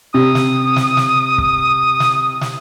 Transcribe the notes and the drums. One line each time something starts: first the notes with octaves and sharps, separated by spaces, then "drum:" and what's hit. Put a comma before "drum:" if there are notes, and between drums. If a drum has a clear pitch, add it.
C3 D#6
drum: snare
drum: snare
drum: snare
drum: kick
drum: snare
drum: snare